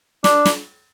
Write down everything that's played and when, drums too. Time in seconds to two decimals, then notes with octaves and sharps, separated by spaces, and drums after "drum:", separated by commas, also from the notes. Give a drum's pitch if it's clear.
0.24 D4, drum: snare
0.46 drum: snare